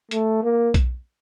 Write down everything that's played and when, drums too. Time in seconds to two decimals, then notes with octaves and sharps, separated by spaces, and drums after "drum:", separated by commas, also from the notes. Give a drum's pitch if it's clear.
0.11 A3, drum: hi-hat
0.43 A#3
0.74 drum: kick B1, hi-hat